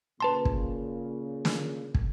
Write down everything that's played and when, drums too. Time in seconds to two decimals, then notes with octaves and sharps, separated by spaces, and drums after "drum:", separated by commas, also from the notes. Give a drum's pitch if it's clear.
0.20 A#2 C#3 B4 A5 C6
0.45 drum: kick
1.45 drum: snare
1.94 drum: kick